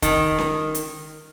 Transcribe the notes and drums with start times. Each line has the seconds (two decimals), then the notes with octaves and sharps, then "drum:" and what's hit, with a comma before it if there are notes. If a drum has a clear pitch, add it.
0.02 D#3, drum: kick, hi-hat
0.38 drum: snare C#4
0.75 drum: hi-hat